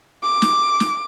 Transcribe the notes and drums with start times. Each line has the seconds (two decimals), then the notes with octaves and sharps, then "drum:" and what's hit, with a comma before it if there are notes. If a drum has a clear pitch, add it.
0.23 D6
0.42 drum: snare
0.80 drum: snare